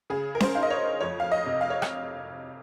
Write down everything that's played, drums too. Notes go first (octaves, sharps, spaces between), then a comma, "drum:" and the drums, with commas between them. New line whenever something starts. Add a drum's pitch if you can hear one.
C#3 G#4
A#4
C5, drum: snare C#4
D#4 F5
D#5
C#5
F2 C#5
F5
D#5
C3
F5
C#5
drum: rim click